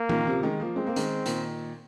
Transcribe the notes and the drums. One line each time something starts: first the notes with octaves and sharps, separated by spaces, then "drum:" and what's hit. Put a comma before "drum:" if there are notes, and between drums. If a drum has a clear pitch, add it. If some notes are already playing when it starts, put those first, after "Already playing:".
Already playing: A#3
A#2 D#3, drum: tom E3
C3 F3
D#3 G#3
F3 A#3
G#3 C4
A#3
D#3 G#3, drum: hi-hat
A#2 D#3, drum: hi-hat